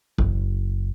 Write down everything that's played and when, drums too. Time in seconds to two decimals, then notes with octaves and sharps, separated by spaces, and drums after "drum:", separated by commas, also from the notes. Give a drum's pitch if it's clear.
0.18 F#1, drum: kick A#1